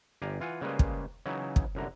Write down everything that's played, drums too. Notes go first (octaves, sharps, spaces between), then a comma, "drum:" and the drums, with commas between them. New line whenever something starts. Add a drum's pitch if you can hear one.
G1 G4 D5 F5 G#5 A#5
E3 F4 F#5 G#5
C#3 G3 G#3 A#3 B4 C5
drum: kick
C#3 E3 F#3 D#4 E4
drum: kick
C2 F#2 D3 A#5